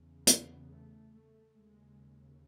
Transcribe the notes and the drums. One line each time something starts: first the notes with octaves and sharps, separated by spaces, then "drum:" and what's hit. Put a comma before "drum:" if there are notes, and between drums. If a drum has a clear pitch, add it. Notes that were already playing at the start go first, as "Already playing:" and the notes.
Already playing: E2 C#3
B3, drum: hi-hat
A3
A3
D#2 C#3 G#3